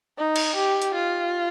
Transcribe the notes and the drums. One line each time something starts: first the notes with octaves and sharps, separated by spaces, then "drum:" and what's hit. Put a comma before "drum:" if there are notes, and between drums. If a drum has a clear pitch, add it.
D#4
drum: cymbal
G4
drum: hi-hat
F4